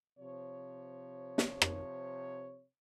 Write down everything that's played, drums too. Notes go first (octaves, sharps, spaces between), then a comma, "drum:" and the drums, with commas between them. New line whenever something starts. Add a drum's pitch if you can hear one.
C3 F3 C#5
drum: snare
drum: rim click